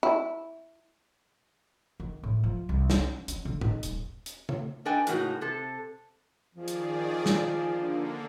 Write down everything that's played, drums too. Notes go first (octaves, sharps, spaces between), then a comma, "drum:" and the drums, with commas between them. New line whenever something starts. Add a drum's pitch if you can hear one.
E4
D#3
A2
F3
C2
C#4, drum: snare
C#4, drum: hi-hat
D3
D#4, drum: tom G#2
D#1, drum: hi-hat
drum: hi-hat
drum: tom C#3
D4 A4 B4 D#5 G5 G#5
A2 C#3 G#3 A#3 D#4 F#4, drum: hi-hat
C3 A4
D#3 F3 G#4 D5
drum: hi-hat
drum: snare
D3 A#3